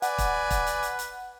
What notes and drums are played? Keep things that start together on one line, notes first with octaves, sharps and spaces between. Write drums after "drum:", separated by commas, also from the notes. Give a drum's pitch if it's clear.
B4 D5 F#5 G#5, drum: hi-hat
drum: kick, hi-hat
drum: kick, hi-hat
drum: hi-hat
drum: hi-hat
drum: hi-hat